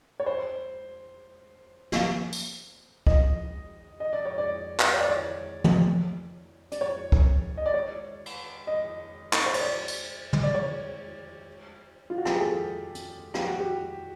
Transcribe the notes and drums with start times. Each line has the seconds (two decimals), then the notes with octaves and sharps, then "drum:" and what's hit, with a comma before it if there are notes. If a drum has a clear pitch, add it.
0.20 C#5
0.26 C5
1.92 drum: snare
2.33 drum: tambourine
3.07 D#5, drum: kick
4.00 D#5
4.13 D5
4.25 C#5
4.38 D5
4.79 drum: clap
4.94 C#5
5.00 D5
5.08 C#5
5.64 drum: tom
6.72 D5, drum: hi-hat
6.81 C#5
7.12 drum: kick
7.57 D#5
7.66 D5
7.74 C#5
8.26 drum: cymbal
8.67 D#5
9.33 drum: clap
9.46 C5
9.54 C#5, drum: cymbal
9.61 D5
9.88 drum: tambourine
10.33 drum: tom
10.43 D5
10.55 C#5
12.10 F4
12.18 F#4
12.25 G4, drum: rim click
12.33 G#4
12.41 A4
12.95 drum: hi-hat
13.34 G4, drum: rim click
13.47 F#4
13.60 G4